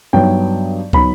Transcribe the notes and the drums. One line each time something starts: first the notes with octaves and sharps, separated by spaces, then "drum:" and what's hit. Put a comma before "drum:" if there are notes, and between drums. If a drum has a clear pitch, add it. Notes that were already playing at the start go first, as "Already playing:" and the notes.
G2 F#3 B3 D#4 G5
F#3 B3 D#4 B5, drum: kick